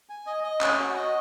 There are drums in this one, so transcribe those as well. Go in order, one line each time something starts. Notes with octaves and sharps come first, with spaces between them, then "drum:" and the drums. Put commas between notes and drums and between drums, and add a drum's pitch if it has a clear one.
G#5
D#5
D#5
C#4, drum: clap
F#4
D#5